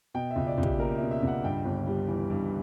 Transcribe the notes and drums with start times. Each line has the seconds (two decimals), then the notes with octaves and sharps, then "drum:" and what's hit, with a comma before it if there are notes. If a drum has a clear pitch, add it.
0.14 B2 G5
0.31 E5
0.36 C#2
0.47 D5
0.58 C#2
0.63 G4, drum: kick
0.79 A#3 A#4
0.96 E5
1.01 B2
1.11 E5
1.23 C#2 F#5
1.44 G2 G5
1.65 G1
1.87 G3
2.08 E3
2.30 G2